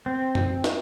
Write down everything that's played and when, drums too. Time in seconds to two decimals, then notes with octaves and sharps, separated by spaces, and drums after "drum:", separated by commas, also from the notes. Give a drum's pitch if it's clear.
0.06 C4
0.35 drum: tom F#2
0.64 drum: snare